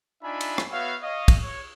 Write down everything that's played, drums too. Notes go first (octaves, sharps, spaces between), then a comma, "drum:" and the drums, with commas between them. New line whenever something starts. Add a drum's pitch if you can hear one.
D4 D#4 F4 E5 G#5 B5
drum: cymbal
drum: rim click
B3 F#4 C#5 E5 F5
C#5 D#5 F5
drum: kick, cymbal
C#5